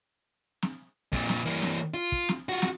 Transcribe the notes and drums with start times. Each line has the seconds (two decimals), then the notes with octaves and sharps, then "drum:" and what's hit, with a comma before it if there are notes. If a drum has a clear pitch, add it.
0.62 drum: snare
1.12 F2 A#2, drum: kick
1.29 drum: snare
1.46 E3 A#3
1.62 drum: snare
1.94 F4
2.12 drum: kick
2.29 drum: snare
2.49 F4 F#4
2.62 drum: snare